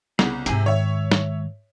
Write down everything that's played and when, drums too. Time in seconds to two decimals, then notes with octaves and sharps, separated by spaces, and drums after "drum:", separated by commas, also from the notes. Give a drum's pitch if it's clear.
0.19 C2 C#3 B3 G#4, drum: snare
0.46 G#2 C3 G#3 G#4 G#5, drum: hi-hat
0.66 D#3 C#5 E5
1.12 drum: snare